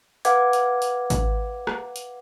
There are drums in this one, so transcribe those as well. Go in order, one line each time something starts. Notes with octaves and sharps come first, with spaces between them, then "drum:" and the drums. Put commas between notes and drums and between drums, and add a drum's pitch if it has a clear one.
B4 F5 F#5 D6 G#6, drum: hi-hat
drum: hi-hat
drum: hi-hat
drum: kick, hi-hat
drum: rim click
drum: hi-hat